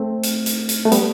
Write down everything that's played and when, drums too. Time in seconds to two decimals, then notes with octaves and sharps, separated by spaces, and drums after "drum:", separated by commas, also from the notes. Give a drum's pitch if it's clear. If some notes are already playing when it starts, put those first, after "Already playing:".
Already playing: A3 C4
0.23 drum: hi-hat
0.46 drum: hi-hat
0.69 drum: hi-hat
0.85 A3
0.92 G3 B3, drum: hi-hat